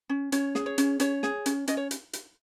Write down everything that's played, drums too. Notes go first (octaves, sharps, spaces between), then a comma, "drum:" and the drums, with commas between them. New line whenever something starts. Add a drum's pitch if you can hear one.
C#4
C#4 C#5, drum: hi-hat
G#4, drum: snare
C#5
C#4, drum: hi-hat
C#4 C#5, drum: hi-hat
G#4, drum: snare
C#4, drum: hi-hat
C#4 D#5, drum: hi-hat
C#5
drum: hi-hat
drum: hi-hat